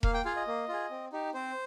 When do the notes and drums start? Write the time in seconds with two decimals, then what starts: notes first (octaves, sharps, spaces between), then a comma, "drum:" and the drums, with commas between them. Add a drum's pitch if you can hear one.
0.03 A#3 F5, drum: kick E1
0.14 G5
0.25 F4 G#4 F5
0.36 D#5
0.47 A#3
0.68 F4 G#4
0.91 C4
1.13 D#4 G4
1.34 C4 C5